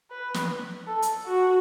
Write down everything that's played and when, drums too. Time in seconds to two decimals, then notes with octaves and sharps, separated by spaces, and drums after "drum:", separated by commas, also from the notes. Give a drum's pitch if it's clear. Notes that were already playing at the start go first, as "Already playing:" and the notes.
0.11 B4
0.34 drum: snare
0.87 A4
1.02 drum: hi-hat
1.26 F#4